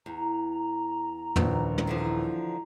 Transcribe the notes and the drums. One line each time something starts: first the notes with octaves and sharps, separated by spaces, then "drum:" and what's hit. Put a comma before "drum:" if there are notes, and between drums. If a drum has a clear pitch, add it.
E2 A#5
D#1 A#1 B4, drum: tom
drum: tom
D3 E3 F3